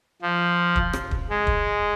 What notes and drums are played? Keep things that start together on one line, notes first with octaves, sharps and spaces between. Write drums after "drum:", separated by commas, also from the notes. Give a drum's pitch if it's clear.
F3
drum: kick
drum: rim click
drum: kick
G#3
drum: kick